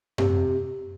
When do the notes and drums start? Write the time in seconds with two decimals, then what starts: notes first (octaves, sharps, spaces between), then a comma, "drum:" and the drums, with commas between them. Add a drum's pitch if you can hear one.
0.18 C3, drum: tom F#2